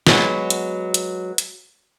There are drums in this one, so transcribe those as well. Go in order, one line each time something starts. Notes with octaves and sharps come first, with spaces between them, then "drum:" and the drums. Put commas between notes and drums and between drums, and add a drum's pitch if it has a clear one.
F#3 G#3 B3, drum: snare
drum: hi-hat
drum: hi-hat
drum: hi-hat